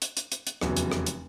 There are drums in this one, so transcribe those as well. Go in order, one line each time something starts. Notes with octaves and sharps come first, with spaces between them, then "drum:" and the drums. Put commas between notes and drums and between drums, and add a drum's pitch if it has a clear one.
drum: hi-hat
drum: hi-hat
drum: hi-hat
drum: hi-hat
F1 E2 C#3 F#3, drum: rim click
drum: hi-hat
drum: rim click
drum: hi-hat